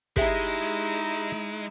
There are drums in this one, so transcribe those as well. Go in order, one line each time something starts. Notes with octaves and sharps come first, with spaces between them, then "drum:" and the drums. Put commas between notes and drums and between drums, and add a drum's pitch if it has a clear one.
G#3 D#4 E4 G4 G#4 E5, drum: kick